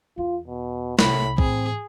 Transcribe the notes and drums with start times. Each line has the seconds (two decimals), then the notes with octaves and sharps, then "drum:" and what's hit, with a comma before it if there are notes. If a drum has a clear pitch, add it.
0.18 E2 F4
0.48 B2
0.99 C2 A2 C#4 B5, drum: snare
1.38 A2 E3 C4 G#4, drum: kick B1